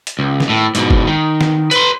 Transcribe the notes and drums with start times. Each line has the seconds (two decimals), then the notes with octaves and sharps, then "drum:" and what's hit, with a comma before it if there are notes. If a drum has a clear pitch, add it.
0.07 drum: hi-hat
0.19 C#2
0.40 drum: snare
0.49 A2
0.75 G#2 B2, drum: hi-hat
0.90 drum: kick F#1
1.07 D#3
1.41 drum: snare
1.71 B4 C6, drum: hi-hat